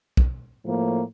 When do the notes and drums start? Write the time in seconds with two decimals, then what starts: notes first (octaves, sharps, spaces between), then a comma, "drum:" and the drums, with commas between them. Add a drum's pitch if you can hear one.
0.17 drum: kick
0.64 A2 F3 A#3